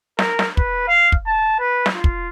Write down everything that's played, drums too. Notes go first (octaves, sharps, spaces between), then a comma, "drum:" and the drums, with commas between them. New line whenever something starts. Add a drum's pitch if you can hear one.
A#4, drum: snare
drum: snare
B4, drum: kick
F5
drum: kick
A5
B4
drum: snare
F4
drum: kick